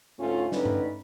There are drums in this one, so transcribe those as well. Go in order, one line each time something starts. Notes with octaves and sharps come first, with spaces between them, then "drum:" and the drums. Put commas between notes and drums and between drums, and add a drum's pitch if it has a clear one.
D2 G#2 A3 C#4 F4
A2 D3 C#4 D#4 B4 D5, drum: snare
drum: tom G2